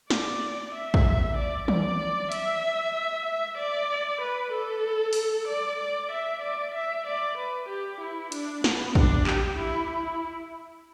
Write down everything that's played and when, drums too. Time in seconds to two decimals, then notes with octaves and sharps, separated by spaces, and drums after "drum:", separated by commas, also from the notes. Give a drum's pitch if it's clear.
0.10 D5, drum: snare
0.73 E5
0.94 drum: kick
1.37 D5
1.68 D5, drum: tom
2.32 E5, drum: hi-hat
3.26 E5
3.58 D5
4.21 B4
4.53 A4
5.13 drum: open hi-hat
5.48 D5
5.79 D5
6.11 E5
6.42 D5
6.75 E5
7.06 D5
7.37 B4
7.68 G4
8.01 E4
8.32 D4, drum: hi-hat
8.64 B3, drum: snare
8.95 D4, drum: kick
9.27 G4, drum: clap
9.59 E4
9.90 E4